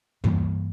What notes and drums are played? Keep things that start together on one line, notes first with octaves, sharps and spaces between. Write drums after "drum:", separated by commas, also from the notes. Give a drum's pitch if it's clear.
G2 E3 G3 A#3, drum: tom